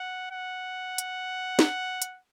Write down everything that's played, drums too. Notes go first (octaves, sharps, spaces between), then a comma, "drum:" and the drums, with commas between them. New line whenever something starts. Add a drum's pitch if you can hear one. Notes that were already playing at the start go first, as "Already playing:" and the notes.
Already playing: F#5
F#5
drum: hi-hat
drum: snare
drum: hi-hat